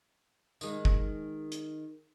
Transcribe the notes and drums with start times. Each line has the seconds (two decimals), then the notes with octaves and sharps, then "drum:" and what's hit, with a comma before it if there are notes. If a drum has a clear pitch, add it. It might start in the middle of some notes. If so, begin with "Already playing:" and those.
0.61 D#3 G#3, drum: tambourine
0.85 drum: kick
1.52 drum: hi-hat